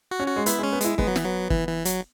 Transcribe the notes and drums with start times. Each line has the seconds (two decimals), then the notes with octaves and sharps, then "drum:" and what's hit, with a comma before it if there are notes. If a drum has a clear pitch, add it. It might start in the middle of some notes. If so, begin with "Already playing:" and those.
0.11 F#4
0.20 C#4
0.28 F#4
0.36 G#3
0.46 B3 E4, drum: hi-hat
0.58 G#3
0.63 C#4
0.72 B3
0.81 G#3 E4, drum: hi-hat
0.98 G#3 B3, drum: kick
1.07 F#3
1.16 E3, drum: snare
1.25 F#3
1.50 E3, drum: kick
1.68 E3
1.85 F#3, drum: hi-hat